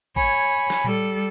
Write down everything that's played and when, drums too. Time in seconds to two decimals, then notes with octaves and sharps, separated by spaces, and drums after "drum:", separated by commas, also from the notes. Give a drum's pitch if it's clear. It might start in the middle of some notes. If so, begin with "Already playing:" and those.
0.16 C#5 G#5 B5, drum: kick A1
0.70 drum: snare
0.84 G3 A4, drum: tom A2